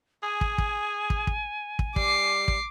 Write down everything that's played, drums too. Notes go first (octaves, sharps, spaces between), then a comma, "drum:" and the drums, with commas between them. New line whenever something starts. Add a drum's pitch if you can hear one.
G#4 G#5
drum: kick
drum: kick
drum: kick
drum: kick
drum: kick
G3 D6 C7, drum: kick
drum: kick